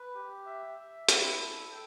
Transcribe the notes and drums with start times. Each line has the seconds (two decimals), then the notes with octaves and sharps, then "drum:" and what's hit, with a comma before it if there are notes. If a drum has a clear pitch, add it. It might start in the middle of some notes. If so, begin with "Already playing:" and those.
Already playing: B4
0.15 G4
0.46 E5
0.77 E5
1.09 E4, drum: hi-hat
1.39 A4
1.71 G5